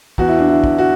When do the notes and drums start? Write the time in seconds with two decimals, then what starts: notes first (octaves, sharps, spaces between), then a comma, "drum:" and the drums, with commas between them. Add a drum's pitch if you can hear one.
0.18 E2 F#4, drum: kick
0.28 E4
0.39 D4
0.48 D3 E4
0.64 drum: kick
0.78 F#4